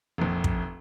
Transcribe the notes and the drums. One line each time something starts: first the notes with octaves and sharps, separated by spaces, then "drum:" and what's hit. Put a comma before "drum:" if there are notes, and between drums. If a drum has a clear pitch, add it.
F1 A#1
drum: kick